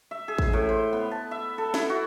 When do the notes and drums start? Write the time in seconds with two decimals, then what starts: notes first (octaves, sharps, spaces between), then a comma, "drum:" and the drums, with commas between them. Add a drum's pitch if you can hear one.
0.11 E5
0.28 G#4
0.38 drum: kick A1
0.53 A2
0.69 C5
0.93 B3
1.11 A5
1.31 E5
1.58 A4
1.74 E4, drum: snare
1.89 F#4